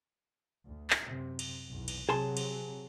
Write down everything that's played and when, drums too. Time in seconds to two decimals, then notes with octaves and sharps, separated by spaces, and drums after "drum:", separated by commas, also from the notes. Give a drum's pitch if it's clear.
0.66 D2
0.90 drum: clap
1.04 F#2 C3
1.39 drum: cymbal
1.68 B1 E2
1.88 drum: cymbal
2.09 C3 F#3 G#4 A5 C6
2.37 drum: cymbal